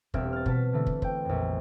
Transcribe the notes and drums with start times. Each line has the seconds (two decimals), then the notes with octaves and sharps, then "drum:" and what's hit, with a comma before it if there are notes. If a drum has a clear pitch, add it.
0.14 E1 G3 C4 E5 F6 G#6, drum: kick
0.33 F6 A6
0.46 B2 A5 B6, drum: kick
0.73 D3 E3 A3
0.87 drum: kick
1.02 C5 G5, drum: kick
1.25 A#1 F2